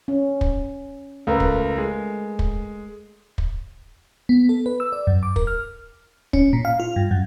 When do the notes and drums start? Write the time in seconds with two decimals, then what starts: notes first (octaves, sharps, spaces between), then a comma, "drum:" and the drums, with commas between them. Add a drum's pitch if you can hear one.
0.08 C#4
0.41 drum: kick
1.27 C#2 A3 A#4 B4
1.40 drum: kick
1.78 G#3
2.39 drum: kick
3.38 drum: kick
4.29 B3
4.49 A4
4.66 B4
4.80 E6
4.93 D5
5.07 F#2
5.23 D6
5.36 A#4, drum: kick
5.47 F6
6.33 C#4, drum: kick
6.53 A#2
6.65 F5
6.80 F4
6.96 G2
7.11 F#2